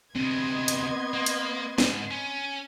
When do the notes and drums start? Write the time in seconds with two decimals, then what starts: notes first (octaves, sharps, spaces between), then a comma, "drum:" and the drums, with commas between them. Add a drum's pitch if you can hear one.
0.15 D2 C3 B3 C4 B4 D#5 C6 G#6
0.68 drum: hi-hat
1.14 A#3
1.26 drum: hi-hat
1.78 G#2 D3, drum: snare
2.11 C#4